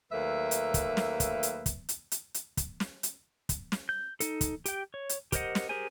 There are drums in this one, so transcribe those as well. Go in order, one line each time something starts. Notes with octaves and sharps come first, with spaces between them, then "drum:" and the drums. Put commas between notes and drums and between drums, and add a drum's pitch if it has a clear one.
D#2 F#3 A3 A#3 B4 E5
drum: hi-hat
drum: kick, hi-hat
drum: snare
drum: kick, hi-hat
drum: hi-hat
drum: kick, hi-hat
drum: hi-hat
drum: hi-hat
drum: hi-hat
drum: kick, hi-hat
drum: snare
drum: hi-hat
drum: kick, hi-hat
drum: snare
G6
D#4 A4, drum: hi-hat
drum: kick, hi-hat
G4 G5, drum: hi-hat
C#5
drum: hi-hat
G4 A#4 C5 D#5 F#5, drum: kick, hi-hat
drum: snare
G4 G#4 A#4 C5 G#5